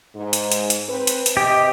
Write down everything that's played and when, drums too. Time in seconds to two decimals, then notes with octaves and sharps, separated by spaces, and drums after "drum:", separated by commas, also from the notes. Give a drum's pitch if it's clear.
0.16 G#2
0.33 drum: hi-hat
0.52 drum: hi-hat
0.70 drum: hi-hat
0.89 C4 B4
1.07 drum: hi-hat
1.26 drum: hi-hat
1.37 C3 G4 D#5